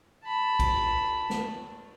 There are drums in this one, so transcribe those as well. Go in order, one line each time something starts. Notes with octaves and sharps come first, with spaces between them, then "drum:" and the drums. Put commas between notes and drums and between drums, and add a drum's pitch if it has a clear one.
A5 B5
drum: kick A#1, cymbal
drum: snare